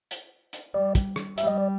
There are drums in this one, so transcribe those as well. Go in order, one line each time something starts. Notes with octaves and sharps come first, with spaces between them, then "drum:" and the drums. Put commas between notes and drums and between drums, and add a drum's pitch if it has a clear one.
drum: hi-hat
drum: hi-hat
G3 D5
drum: kick, hi-hat
drum: rim click
G3 E5, drum: hi-hat
D#5
D5